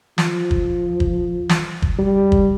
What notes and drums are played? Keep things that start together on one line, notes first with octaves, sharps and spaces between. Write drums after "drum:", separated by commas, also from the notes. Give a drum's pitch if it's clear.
F3, drum: snare
drum: kick
drum: kick
drum: snare
drum: kick
G3
drum: kick